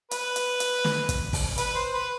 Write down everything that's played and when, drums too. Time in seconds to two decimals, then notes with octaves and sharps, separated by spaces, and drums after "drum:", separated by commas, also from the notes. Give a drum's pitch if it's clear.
0.11 B4, drum: hi-hat
0.36 drum: hi-hat
0.60 drum: hi-hat
0.84 drum: snare
1.09 drum: kick, hi-hat
1.33 drum: kick, open hi-hat
1.58 B4, drum: hi-hat
1.75 C5
1.93 B4